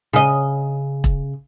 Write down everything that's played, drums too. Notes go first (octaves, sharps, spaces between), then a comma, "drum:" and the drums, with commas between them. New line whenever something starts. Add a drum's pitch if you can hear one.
C#3 D#5
drum: kick E1